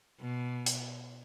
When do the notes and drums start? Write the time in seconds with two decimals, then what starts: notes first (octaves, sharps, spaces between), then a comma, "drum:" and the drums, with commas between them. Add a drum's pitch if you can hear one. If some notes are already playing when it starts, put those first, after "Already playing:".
0.20 B2
0.66 drum: hi-hat